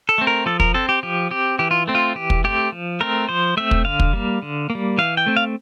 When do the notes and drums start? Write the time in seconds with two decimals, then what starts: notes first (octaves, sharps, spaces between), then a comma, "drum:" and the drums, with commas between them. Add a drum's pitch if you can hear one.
0.09 A4
0.18 A3 C4
0.27 A#4
0.46 F3 A4
0.60 A#4, drum: kick
0.74 C4 A4
0.89 G4
1.03 F3 G4
1.31 C4 G4
1.59 E3 G4
1.71 F4
1.88 A3 C4
1.95 F4
2.15 E3 G4
2.30 drum: kick
2.44 A3 C4 G4
2.72 F3
3.00 A3 C4 A#4
3.29 F3 C5
3.57 A3 C4 E5
3.71 drum: kick
3.85 D3 F5
4.00 drum: kick
4.13 G3 A#3
4.42 D3
4.70 A#3
4.75 G3
4.98 E3 F5
5.17 G5
5.26 A3 C4
5.37 F5